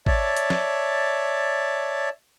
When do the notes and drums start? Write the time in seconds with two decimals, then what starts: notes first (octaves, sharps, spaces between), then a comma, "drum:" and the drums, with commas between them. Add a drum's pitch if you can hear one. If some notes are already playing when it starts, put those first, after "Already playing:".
0.06 C#5 D5 E5 A5, drum: kick
0.37 drum: hi-hat
0.50 drum: snare